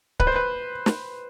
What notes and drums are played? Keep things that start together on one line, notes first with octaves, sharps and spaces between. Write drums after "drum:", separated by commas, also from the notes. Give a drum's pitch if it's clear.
B4, drum: kick C#1
C5
B4
drum: snare